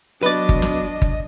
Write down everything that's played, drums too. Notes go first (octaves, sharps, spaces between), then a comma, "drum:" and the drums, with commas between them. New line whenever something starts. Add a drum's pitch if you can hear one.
F#3 B3 D4 B4 D5 D#5
drum: kick G1
drum: snare
drum: kick G1